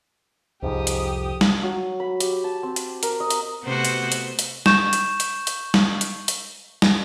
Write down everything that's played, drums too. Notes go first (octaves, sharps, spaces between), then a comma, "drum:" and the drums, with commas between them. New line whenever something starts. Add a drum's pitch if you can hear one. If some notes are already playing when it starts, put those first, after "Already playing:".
C2 F2 G#2 G4 D#6
drum: hi-hat
drum: snare
F#3
B5
G4, drum: hi-hat
A5
C4
drum: hi-hat
A#4, drum: hi-hat
D#5
drum: hi-hat
C3 A3 B3 F#4 C5
drum: hi-hat
drum: hi-hat
drum: hi-hat
C#6 G6 E7, drum: snare
drum: hi-hat
drum: hi-hat
drum: hi-hat
drum: snare
drum: hi-hat
drum: hi-hat
drum: snare